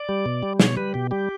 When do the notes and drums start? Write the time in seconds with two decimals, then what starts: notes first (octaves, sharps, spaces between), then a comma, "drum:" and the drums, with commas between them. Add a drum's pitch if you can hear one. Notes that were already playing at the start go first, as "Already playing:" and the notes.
Already playing: D5
0.09 G3
0.26 B2
0.43 G3
0.60 B2 C#5, drum: snare
0.77 G3 B4
0.94 B2 G4
1.11 G3 G4